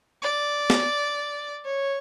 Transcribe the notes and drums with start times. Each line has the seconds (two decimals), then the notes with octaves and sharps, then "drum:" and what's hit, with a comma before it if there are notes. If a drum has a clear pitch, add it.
0.22 D5
0.70 drum: snare
1.65 C#5